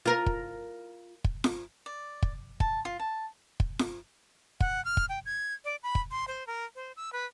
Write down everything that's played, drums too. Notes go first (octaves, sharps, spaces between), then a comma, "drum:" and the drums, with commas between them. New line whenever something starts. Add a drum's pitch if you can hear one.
F4 A#4
drum: kick
drum: kick
drum: snare F4
D5
drum: kick
A5, drum: kick
F4
A5
drum: kick
drum: snare F4
F#5, drum: kick
F6
drum: kick
G5
G#6
D5
B5
drum: kick
C6
C5
A#4
C5
E6
B4